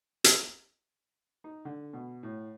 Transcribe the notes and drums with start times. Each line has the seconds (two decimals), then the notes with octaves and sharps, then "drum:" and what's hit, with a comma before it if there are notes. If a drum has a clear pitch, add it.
0.24 drum: hi-hat
1.44 D#4
1.65 D3
1.93 B2
2.23 A2